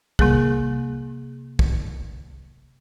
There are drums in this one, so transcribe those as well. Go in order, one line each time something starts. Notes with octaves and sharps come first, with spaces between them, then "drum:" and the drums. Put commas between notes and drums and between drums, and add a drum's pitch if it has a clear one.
C3 G3 A#3 G#4, drum: kick
drum: kick